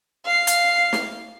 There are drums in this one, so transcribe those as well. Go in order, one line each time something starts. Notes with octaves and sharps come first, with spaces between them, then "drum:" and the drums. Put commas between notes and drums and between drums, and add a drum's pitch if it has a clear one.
F5 C7
drum: hi-hat
drum: snare